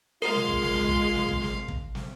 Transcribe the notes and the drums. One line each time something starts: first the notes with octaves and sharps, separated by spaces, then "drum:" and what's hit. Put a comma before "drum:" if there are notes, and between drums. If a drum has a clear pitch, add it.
G#3 F4 A#4 F5 C6
drum: snare
drum: kick
drum: snare
drum: tom B1
drum: kick
drum: snare
drum: kick
drum: snare
drum: kick
drum: snare